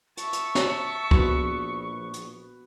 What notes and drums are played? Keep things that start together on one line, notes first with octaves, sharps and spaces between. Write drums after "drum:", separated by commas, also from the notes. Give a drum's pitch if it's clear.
E5 A5 C#6, drum: hi-hat
drum: hi-hat
drum: snare
A#1 B3 F#4, drum: kick C#2
drum: hi-hat